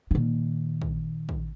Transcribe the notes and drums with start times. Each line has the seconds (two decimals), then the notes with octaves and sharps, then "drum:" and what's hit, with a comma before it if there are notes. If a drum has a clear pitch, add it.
0.11 A#2 D#3
0.82 drum: kick
1.29 drum: kick